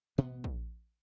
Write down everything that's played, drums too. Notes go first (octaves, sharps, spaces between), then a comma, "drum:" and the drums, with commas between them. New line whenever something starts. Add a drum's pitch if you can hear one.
A1 B2 B3
drum: kick